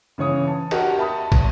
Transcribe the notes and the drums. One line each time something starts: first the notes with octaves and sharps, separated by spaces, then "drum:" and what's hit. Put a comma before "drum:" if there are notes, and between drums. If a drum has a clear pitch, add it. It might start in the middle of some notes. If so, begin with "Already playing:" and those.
C#3 E3 C#5 D#6
A5
F#4 G4 A#4 D#5, drum: cymbal
E5 A5 B5 D#6
drum: kick, cymbal